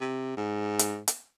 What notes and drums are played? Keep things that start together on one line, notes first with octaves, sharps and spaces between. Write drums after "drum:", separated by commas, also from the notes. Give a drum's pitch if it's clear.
C3
G#2
drum: hi-hat
drum: hi-hat